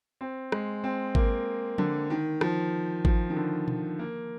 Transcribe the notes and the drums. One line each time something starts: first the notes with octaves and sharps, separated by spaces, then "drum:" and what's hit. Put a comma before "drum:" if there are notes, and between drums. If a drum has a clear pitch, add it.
C4
G#3, drum: rim click
C4
A#3, drum: kick G#1
D3, drum: tom F3
D#3
F3, drum: rim click
F3, drum: kick G#1
D#3
D3
drum: tom B2
A#3